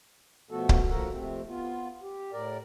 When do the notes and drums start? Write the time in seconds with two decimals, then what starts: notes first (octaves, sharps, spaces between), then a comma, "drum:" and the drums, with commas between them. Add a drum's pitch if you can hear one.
0.51 B2 F3 A3 B3 F#4 A4
0.69 drum: kick C#1
0.90 D#2 F3 F#4 A4 A#4 F#5
1.13 F2 C3 A3 C4
1.48 B3 F4
2.02 G4
2.33 A2 A#4 D5